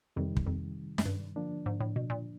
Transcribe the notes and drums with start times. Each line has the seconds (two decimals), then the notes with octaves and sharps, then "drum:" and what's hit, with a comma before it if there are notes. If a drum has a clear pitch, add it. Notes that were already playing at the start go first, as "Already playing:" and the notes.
0.16 F2 C3 D#3 G3
0.37 drum: kick
0.46 F2
0.98 F#2, drum: snare
1.06 G2
1.36 D3 F3 A#3 D4
1.66 G#2
1.80 A2
1.96 B2
2.10 A#2